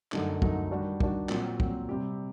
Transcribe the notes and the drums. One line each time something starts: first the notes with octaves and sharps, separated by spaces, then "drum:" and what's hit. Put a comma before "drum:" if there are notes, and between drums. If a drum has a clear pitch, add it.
F#2 D3 F#3 A3 D#4, drum: clap
F#2 D3 F#3 A3 D#4, drum: kick
D#3 G3 D4 F#4
D#3 G3 D4 F#4, drum: kick
A#2 F#3 C4, drum: clap
A#2 F#3 C4, drum: kick
C3 G3 C4 G4